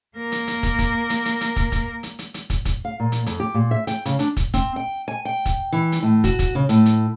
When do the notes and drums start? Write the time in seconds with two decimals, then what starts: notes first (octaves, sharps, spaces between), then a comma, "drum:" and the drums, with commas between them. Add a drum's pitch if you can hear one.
0.17 A#3 A#4
0.32 drum: hi-hat
0.47 drum: hi-hat
0.63 drum: kick, hi-hat
0.79 drum: kick, hi-hat
1.10 drum: hi-hat
1.25 drum: hi-hat
1.41 drum: hi-hat
1.56 drum: kick, hi-hat
1.72 drum: kick, hi-hat
2.03 drum: hi-hat
2.19 drum: hi-hat
2.34 drum: hi-hat
2.50 drum: kick, hi-hat
2.65 drum: kick, hi-hat
2.85 F5
3.00 A#2
3.12 drum: hi-hat
3.26 F2, drum: hi-hat
3.40 G4
3.54 A#2
3.71 E5
3.87 G5, drum: hi-hat
4.05 C#3, drum: hi-hat
4.19 D4, drum: hi-hat
4.37 drum: kick, hi-hat
4.54 C4, drum: kick, hi-hat
4.76 G5
5.08 G#5
5.25 G5
5.46 drum: kick, hi-hat
5.72 E3
5.92 drum: hi-hat
6.03 A2
6.24 F#4, drum: kick, hi-hat
6.39 drum: kick, hi-hat
6.55 C#3
6.69 A2, drum: hi-hat
6.86 drum: hi-hat